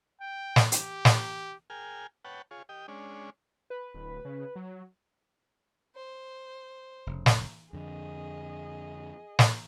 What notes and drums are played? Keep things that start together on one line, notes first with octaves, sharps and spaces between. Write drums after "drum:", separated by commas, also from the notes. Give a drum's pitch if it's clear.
G5
drum: snare
G4, drum: hi-hat
drum: snare
G#4 A#4 G5 G#5 F6
B4 C#5 F#5 G5 A5
F4 G#4 C#5
G4 D#5 G5
G#3 C#4 D4
B4
D1
C#3
F#3
C5
F1 C#3
drum: snare
F2 D3 G#4 D#5
drum: snare